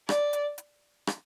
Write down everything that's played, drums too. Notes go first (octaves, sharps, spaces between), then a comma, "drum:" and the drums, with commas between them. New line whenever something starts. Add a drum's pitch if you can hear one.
D5, drum: rim click
drum: hi-hat
drum: hi-hat
drum: rim click